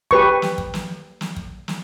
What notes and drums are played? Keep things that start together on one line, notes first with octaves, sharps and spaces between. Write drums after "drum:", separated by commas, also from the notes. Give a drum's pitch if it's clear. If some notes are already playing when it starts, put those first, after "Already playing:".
G4 B4 C#6, drum: kick
drum: snare
drum: kick
drum: snare
drum: snare
drum: kick
drum: snare